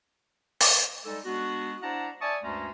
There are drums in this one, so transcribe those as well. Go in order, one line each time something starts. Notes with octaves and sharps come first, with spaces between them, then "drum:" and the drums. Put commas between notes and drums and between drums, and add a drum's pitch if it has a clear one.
drum: open hi-hat
G3 G#3 D#4 A4
G#3 B3 D4 F#4
D4 E4 C5 F#5 A5 A#5
D5 E5 G#5 A5 C#6 D#6
D2 G2 G#3 A3 C#4 A#5